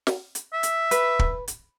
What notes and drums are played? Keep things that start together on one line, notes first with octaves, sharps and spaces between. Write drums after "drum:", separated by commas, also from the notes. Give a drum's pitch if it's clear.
drum: snare
drum: hi-hat
E5
drum: hi-hat
B4, drum: hi-hat
drum: kick
drum: hi-hat